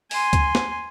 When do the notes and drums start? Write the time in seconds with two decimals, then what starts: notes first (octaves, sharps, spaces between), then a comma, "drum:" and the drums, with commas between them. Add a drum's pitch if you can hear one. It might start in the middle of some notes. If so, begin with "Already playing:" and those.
0.11 G#5 C6, drum: open hi-hat
0.33 drum: kick C#2, hi-hat
0.55 drum: snare